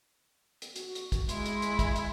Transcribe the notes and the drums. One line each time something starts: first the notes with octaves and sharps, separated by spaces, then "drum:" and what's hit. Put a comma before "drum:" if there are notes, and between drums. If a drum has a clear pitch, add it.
drum: hi-hat
F#4, drum: hi-hat
drum: hi-hat
drum: kick, hi-hat
G#3 E4 C6, drum: hi-hat
drum: hi-hat
drum: hi-hat
drum: kick, hi-hat
drum: hi-hat